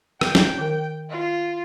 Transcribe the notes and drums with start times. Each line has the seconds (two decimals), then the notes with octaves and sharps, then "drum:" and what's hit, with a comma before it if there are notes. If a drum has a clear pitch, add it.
0.21 G5, drum: rim click
0.35 drum: snare
0.58 D#3 A#4
1.10 F4